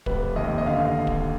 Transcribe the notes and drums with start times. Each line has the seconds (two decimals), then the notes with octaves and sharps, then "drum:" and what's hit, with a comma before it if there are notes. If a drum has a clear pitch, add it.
0.06 F1 B4, drum: kick
0.36 D#2 D#5
0.58 D#5
0.66 D3 F5
1.07 drum: kick